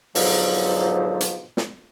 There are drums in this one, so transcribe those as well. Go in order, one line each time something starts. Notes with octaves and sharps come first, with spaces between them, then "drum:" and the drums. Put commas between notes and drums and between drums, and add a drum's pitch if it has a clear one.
G#2 B2 D3 F3 F#3, drum: open hi-hat
drum: hi-hat
drum: snare